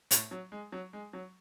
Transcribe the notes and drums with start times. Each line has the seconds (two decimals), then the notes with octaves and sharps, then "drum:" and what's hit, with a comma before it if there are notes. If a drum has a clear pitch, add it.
0.11 A2, drum: hi-hat
0.31 F#3
0.52 G#3
0.72 F#3
0.93 G#3
1.13 F#3